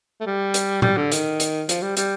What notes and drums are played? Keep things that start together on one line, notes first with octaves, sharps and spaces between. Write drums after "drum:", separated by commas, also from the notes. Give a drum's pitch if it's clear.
A3
G3
drum: hi-hat
G3, drum: tom A2
D3
D#3, drum: hi-hat
drum: hi-hat
F3, drum: hi-hat
G3
G3, drum: hi-hat